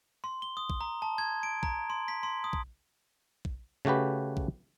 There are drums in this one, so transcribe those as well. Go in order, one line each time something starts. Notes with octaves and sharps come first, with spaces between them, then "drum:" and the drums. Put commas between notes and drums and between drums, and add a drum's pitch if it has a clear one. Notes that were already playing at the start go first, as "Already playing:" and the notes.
C6
G7
D#6
drum: kick
A#5
A5
G#6
D7
A#5, drum: kick
C6
B6
C6
D#6
drum: kick
drum: kick
C#3 A3 F#4 G4 B4
drum: kick